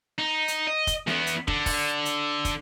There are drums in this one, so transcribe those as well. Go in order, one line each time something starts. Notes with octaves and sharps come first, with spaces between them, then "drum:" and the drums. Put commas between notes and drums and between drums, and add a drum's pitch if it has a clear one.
D#4
drum: hi-hat
D#5
drum: kick, hi-hat
E2 B3, drum: snare
drum: hi-hat
D3, drum: kick
drum: kick, open hi-hat
drum: hi-hat
drum: kick, hi-hat